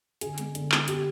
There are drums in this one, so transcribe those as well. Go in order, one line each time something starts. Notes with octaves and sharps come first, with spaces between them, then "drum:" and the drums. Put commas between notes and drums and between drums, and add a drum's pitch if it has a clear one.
D3 G#4, drum: hi-hat
G#3 B3, drum: hi-hat
D3, drum: hi-hat
G#3 B3, drum: clap
D3 G4, drum: hi-hat